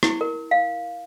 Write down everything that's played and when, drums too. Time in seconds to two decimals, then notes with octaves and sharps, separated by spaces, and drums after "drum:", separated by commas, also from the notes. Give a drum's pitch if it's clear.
0.03 E4, drum: rim click
0.21 A#4
0.51 F5